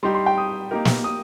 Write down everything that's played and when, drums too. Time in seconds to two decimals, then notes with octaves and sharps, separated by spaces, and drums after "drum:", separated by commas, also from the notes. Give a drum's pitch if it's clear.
0.03 G3 D#4 G4 C6
0.15 C6
0.26 G5
0.38 D#6
0.71 A#3 D#4 G4 A#4
0.85 drum: snare
1.04 D#6